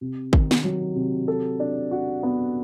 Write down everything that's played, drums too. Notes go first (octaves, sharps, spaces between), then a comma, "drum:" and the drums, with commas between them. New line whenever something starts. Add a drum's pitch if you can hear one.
C3
D#3, drum: kick
drum: snare
F#3
C3
A4
D4
F#4
B3